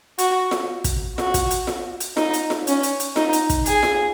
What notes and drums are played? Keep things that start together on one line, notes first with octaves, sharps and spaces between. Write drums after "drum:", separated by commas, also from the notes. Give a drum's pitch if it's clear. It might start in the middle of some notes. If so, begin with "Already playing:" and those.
F#4, drum: hi-hat
drum: snare F4
drum: kick, hi-hat
F#4, drum: snare F4
drum: kick, hi-hat
drum: hi-hat
drum: snare F4
drum: hi-hat
D#4, drum: snare F4
drum: hi-hat
drum: snare F4
C#4, drum: hi-hat
drum: hi-hat
drum: hi-hat
D#4, drum: snare F4
drum: hi-hat
drum: kick, hi-hat
G#4, drum: hi-hat
drum: snare F4